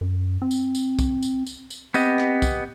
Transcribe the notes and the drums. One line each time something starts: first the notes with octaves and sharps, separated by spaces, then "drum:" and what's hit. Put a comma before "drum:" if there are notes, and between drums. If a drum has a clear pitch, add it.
F#2
C4
drum: tambourine
drum: tambourine
drum: kick, tambourine
drum: tambourine
drum: tambourine
drum: tambourine
B3 C4 G4 D#5, drum: tambourine
drum: rim click
drum: kick, tambourine